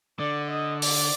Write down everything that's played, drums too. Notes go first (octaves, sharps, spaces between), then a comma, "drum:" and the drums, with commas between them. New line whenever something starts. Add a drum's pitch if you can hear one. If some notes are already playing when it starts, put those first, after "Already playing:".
D3 D5
D#5
D5, drum: open hi-hat